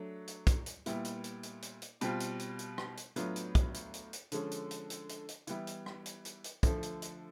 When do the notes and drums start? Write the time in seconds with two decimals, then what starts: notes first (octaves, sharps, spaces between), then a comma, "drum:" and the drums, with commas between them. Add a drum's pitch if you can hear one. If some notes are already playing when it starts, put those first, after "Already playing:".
Already playing: F#3 A3 D4
0.28 drum: hi-hat
0.47 drum: kick, hi-hat
0.66 drum: hi-hat
0.86 A#2 G3 B3 E4, drum: hi-hat
1.05 drum: hi-hat
1.24 drum: hi-hat
1.43 drum: hi-hat
1.62 drum: hi-hat
1.82 drum: hi-hat
2.01 B2 G3 C4 F4, drum: hi-hat
2.20 drum: hi-hat
2.39 drum: hi-hat
2.59 drum: hi-hat
2.78 drum: rim click
2.97 drum: hi-hat
3.16 A2 F#3 B3 D4 F4, drum: hi-hat
3.36 drum: hi-hat
3.55 drum: kick, hi-hat
3.74 drum: hi-hat
3.94 drum: hi-hat
4.13 drum: hi-hat
4.32 D3 F3 G#3 C#4, drum: hi-hat
4.51 drum: hi-hat
4.71 drum: hi-hat
4.90 drum: hi-hat
5.09 drum: hi-hat
5.29 drum: hi-hat
5.47 E3 G3 B3 E4, drum: hi-hat
5.67 drum: hi-hat
5.86 drum: rim click
6.06 drum: hi-hat
6.25 drum: hi-hat
6.44 drum: hi-hat
6.63 D3 F3 A3, drum: kick, hi-hat
6.83 drum: hi-hat
7.02 drum: hi-hat